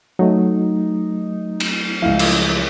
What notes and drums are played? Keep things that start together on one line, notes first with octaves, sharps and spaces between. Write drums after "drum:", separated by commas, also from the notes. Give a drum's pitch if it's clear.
F#3 A3 D#4
drum: cymbal
C#2 F3 E4 F5
drum: cymbal